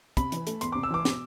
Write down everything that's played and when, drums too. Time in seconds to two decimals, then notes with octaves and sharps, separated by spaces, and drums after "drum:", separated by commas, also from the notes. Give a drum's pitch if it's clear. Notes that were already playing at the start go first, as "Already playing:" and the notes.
0.17 C3 B5, drum: kick, hi-hat
0.32 E3, drum: hi-hat
0.47 A3, drum: hi-hat
0.61 E2 C6, drum: hi-hat
0.72 C3 D6
0.83 E6
0.90 E3 D6
1.05 B2, drum: snare